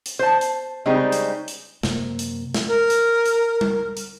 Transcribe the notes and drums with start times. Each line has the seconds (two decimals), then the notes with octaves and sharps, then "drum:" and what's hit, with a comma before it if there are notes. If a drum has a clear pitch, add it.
0.06 drum: hi-hat
0.19 C5 A5
0.41 drum: hi-hat
0.86 C#3 G3 G#3 C4 C#4 D#4
1.12 drum: hi-hat
1.48 drum: hi-hat
1.83 F#2 C3 A#3, drum: snare
2.19 drum: hi-hat
2.54 drum: snare
2.68 A#4
2.90 drum: hi-hat
3.26 drum: hi-hat
3.61 drum: tom G3
3.97 drum: hi-hat